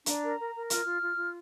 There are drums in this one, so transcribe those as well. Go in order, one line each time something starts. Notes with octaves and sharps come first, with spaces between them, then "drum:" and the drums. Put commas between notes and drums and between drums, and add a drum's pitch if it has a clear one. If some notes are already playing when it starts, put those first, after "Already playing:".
D4 A#5, drum: hi-hat
A#4
A#4
A#4
F4 F6, drum: hi-hat
F4
F4
F4